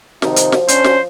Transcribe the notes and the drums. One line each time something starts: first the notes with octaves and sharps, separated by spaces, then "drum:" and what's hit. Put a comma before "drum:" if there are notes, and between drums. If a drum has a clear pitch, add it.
C3 D#3 F3 D#4, drum: snare
drum: hi-hat
drum: snare
C#4 D4 C5, drum: hi-hat
drum: snare